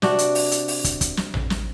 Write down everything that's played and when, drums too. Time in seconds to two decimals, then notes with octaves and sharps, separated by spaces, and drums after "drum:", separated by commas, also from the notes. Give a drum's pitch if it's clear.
0.02 C3 D4 F#4, drum: snare
0.19 drum: hi-hat
0.35 drum: open hi-hat
0.51 drum: hi-hat
0.68 drum: open hi-hat
0.84 drum: kick, hi-hat
1.01 drum: kick, hi-hat
1.17 drum: snare
1.34 drum: tom A1
1.50 drum: snare